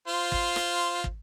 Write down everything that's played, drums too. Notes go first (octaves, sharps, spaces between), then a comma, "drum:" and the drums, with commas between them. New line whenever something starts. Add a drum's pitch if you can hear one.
F4 C5
drum: kick
drum: rim click
drum: kick